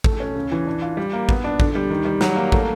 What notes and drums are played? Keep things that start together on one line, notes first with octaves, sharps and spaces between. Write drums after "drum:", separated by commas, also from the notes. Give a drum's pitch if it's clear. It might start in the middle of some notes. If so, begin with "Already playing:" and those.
A3, drum: kick
C#4
C#3
E3
D4
F4
G3
A#3
B3, drum: kick
D4
D3, drum: kick
G3
D#3
G3
F#3, drum: snare
A#3
A3, drum: kick